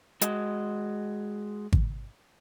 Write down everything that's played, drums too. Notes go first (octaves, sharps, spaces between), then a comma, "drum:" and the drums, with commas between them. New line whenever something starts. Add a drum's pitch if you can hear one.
G#3 F#4 D#5, drum: hi-hat
drum: kick G#1